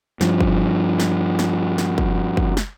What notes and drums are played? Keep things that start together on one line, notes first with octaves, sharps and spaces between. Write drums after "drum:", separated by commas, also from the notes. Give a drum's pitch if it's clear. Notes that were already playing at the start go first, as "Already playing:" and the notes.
G2 F3, drum: snare
drum: kick
drum: snare
drum: snare
drum: snare
drum: kick
drum: kick
drum: snare